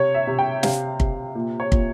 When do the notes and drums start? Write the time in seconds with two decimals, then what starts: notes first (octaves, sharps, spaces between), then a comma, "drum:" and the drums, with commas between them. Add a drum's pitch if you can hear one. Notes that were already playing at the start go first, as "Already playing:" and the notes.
Already playing: C3 C#5
0.15 E5
0.27 C3
0.39 G5
0.63 C3 F5, drum: snare
1.00 C3, drum: kick
1.35 A#2
1.60 C#5
1.72 A#2, drum: kick